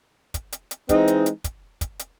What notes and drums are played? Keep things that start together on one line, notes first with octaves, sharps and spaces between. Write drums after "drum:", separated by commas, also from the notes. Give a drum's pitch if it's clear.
drum: kick, hi-hat
drum: hi-hat
drum: hi-hat
E3 G#3 C4 D#4, drum: kick, hi-hat
drum: hi-hat
drum: hi-hat
drum: kick, hi-hat
drum: kick, hi-hat
drum: hi-hat